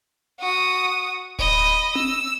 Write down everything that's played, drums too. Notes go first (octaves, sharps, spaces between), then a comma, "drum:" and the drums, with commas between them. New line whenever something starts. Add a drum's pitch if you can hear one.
F#4 D#6
D#5 B5, drum: kick D1
E6, drum: tom C4